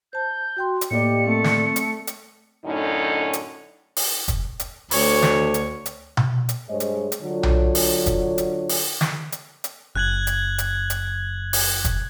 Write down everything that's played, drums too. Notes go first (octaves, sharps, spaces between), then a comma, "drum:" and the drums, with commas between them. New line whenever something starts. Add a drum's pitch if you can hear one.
C5 A5 G6
F#4 G5 C6
drum: hi-hat
A2 A#3 G4 D5 D#5 G5 C#7
A3 C4
drum: snare
drum: hi-hat
drum: hi-hat
F#2 A2 D3 C#4 D#4
drum: hi-hat
drum: open hi-hat
drum: kick, hi-hat
drum: hi-hat
D2 C#5, drum: open hi-hat
drum: snare
drum: hi-hat
drum: hi-hat
drum: tom B2
drum: hi-hat
G2 G#3 G#4 C5 C#5 D#5
drum: hi-hat
drum: hi-hat
D3 F#3 D4 F4 C#5
drum: tom B1
drum: open hi-hat
drum: kick, hi-hat
drum: hi-hat
drum: open hi-hat
drum: snare
drum: hi-hat
drum: hi-hat
F#1 F#6 G#6 F#7
drum: hi-hat
drum: hi-hat
drum: hi-hat
drum: open hi-hat
drum: kick, hi-hat